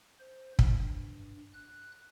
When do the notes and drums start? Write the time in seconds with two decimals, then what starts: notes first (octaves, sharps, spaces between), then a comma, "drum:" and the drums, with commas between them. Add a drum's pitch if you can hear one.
0.19 C5
0.59 G2, drum: kick
1.54 F#6